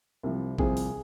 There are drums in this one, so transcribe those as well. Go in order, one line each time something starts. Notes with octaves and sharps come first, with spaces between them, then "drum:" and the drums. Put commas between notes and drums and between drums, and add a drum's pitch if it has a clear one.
C2 C3 F3
C2 C3 F3 G#4, drum: kick A1
drum: open hi-hat